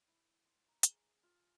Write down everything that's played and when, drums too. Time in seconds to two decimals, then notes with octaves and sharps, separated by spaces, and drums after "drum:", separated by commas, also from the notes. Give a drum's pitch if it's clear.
0.08 E4
0.46 C6
0.68 A#5
0.83 G#4, drum: hi-hat
1.23 F4